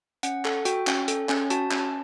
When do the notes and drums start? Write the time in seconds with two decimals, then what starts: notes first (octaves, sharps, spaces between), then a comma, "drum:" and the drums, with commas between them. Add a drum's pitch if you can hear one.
0.23 C#4 F#5, drum: hi-hat
0.45 A4, drum: clap
0.65 F#4 G5, drum: hi-hat
0.87 C#4, drum: clap
1.08 A4, drum: hi-hat
1.29 C#4, drum: clap
1.50 F#4 A5, drum: hi-hat
1.71 C#4, drum: clap